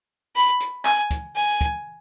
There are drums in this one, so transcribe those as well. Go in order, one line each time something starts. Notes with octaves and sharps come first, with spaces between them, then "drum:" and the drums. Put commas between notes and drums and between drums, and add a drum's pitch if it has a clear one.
B5
drum: hi-hat
G#5, drum: clap
drum: kick, hi-hat
G#5
drum: kick, hi-hat